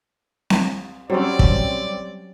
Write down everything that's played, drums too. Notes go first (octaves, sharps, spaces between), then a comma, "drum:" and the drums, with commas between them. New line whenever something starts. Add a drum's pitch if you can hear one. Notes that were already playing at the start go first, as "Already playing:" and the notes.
drum: snare C4
F#3 G3 C4 C#4 G4 D5
drum: kick